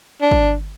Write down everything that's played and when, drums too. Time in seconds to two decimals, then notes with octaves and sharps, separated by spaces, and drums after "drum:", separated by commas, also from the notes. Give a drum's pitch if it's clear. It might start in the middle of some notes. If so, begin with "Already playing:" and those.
0.21 D4
0.31 drum: kick